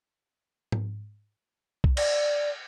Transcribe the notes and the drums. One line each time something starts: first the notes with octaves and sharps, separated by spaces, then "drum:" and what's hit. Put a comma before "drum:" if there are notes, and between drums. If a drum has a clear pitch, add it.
drum: tom G#2
drum: kick B1
D5, drum: cymbal